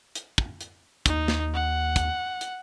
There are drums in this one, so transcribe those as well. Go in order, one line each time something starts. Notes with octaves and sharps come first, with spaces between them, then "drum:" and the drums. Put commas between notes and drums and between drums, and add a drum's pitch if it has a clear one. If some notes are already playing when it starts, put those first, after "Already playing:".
drum: hi-hat
drum: kick
drum: hi-hat
D#2 D#4, drum: kick, hi-hat
drum: snare
F#5
drum: kick, hi-hat
drum: hi-hat